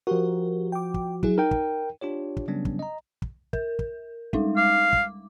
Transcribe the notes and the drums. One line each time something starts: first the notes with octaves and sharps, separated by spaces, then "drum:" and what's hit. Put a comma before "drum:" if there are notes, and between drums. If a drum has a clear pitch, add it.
F3 F#4 G4 A#4
G5 D6
drum: kick
F#3 E4 G#4, drum: kick
D#4 A#4 G5
drum: kick
D4 F4 G4 C#5
drum: kick
C#3 F#3 G3 B3 C#4 D4
drum: kick
D#5 A#5
drum: kick
A#4, drum: kick
drum: kick
G3 G#3 D#4, drum: kick
F5 D6
drum: kick